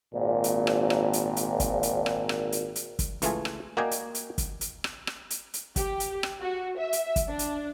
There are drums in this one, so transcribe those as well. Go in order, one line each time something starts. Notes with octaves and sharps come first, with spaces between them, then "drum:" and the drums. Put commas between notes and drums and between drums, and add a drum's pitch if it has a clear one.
G#1 A#2
drum: hi-hat
drum: rim click
drum: rim click
drum: hi-hat
drum: hi-hat
drum: kick, hi-hat
drum: hi-hat
drum: rim click
drum: rim click
drum: hi-hat
drum: hi-hat
drum: kick, hi-hat
C#2 E3 A3 F4 G#4 G#5, drum: hi-hat
drum: rim click
A#3 F#4 D5 D#5 G5 G#5
drum: hi-hat
drum: hi-hat
drum: kick, hi-hat
drum: hi-hat
drum: rim click
drum: rim click
drum: hi-hat
drum: hi-hat
G4, drum: kick, hi-hat
drum: hi-hat
drum: rim click
F#4
E5
drum: hi-hat
drum: kick, hi-hat
D4
drum: hi-hat